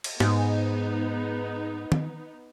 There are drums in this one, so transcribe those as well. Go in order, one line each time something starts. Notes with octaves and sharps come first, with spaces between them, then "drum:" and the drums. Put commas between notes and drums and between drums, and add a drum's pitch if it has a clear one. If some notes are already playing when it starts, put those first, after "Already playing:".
drum: cymbal
G#2 B3 D#4, drum: snare
drum: tom D#3